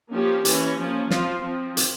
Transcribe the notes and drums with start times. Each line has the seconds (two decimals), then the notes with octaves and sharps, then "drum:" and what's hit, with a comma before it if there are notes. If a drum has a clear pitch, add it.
0.12 F3 A#3 C#4 G4
0.45 E3 A#3 C#4, drum: hi-hat
0.78 F3 A#3 C#4
1.11 F3 C4 F4, drum: snare
1.43 F3 C4
1.77 drum: hi-hat